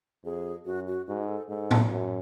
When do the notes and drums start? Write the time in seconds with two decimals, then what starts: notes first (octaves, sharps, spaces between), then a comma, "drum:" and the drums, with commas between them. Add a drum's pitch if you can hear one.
0.24 F2 G#4
0.66 F#2 F#4
0.88 F#4
1.07 G#2 F#4
1.23 G#4
1.28 A4
1.49 G#2 A4
1.71 drum: tom
1.91 F#2 F#4